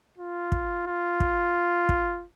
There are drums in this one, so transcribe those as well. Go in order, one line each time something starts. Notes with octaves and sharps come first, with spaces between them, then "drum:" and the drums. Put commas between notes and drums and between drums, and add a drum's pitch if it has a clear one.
F4
drum: kick
F4
drum: kick
drum: kick